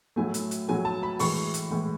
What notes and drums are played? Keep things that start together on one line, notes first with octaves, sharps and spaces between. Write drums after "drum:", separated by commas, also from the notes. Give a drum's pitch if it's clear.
A2 F#3 A3 G#5
drum: hi-hat
drum: hi-hat
A2 F#3 A3 G#5
A5
B5
A2 E3 G#3 C#6, drum: open hi-hat
drum: hi-hat
A2 E3 G#3